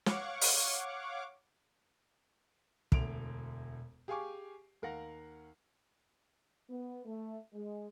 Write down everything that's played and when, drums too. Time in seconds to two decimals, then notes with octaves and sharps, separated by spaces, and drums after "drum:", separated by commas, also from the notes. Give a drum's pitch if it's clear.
0.06 C#5 F5 F#5 C#6 D6, drum: snare
0.41 drum: open hi-hat
2.92 E1 D2 D7 F7, drum: kick
4.08 G4 G#4 F5 G#5 C#6 D6
4.82 D#2 A#4 F5 F#5 A#6
6.68 B3
7.05 A3
7.53 G#3